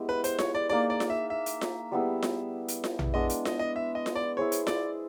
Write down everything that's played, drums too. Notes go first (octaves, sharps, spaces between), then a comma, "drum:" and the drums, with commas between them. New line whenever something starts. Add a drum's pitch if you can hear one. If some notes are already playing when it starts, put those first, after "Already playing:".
Already playing: G#3 B3 E4 G4
B4
C5, drum: hi-hat
C#5, drum: snare F4
D5
A#3 D#4 G#4 D5
D5
drum: snare F4
E5
E5
drum: hi-hat
drum: snare F4
G3 B3 E4 G#4
drum: snare F4
drum: hi-hat
drum: snare F4
drum: tom A#1
G#3 B3 D4 D#5
drum: hi-hat
D#5, drum: snare F4
D#5
E5
D#5
drum: snare F4
D5
E4 G#4 C5 C#5
drum: hi-hat
D5, drum: snare F4